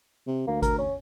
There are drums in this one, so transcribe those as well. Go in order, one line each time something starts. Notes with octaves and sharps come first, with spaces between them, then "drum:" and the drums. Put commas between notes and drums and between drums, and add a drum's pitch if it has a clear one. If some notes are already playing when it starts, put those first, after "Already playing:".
C3
D2 A#3
A#4, drum: kick G#1, hi-hat
C#4